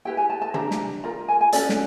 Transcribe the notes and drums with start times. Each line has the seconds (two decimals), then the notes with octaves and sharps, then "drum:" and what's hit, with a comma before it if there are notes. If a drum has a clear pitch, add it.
0.05 E4 G4 B4 G5
0.17 G#5
0.30 A5
0.42 A5
0.54 D4 G4 B4 A#5, drum: tom
0.71 drum: snare
1.04 F4 A#4 A#5
1.28 G#5
1.41 G#5
1.52 C#4 F#4 A4 D5, drum: hi-hat
1.69 drum: snare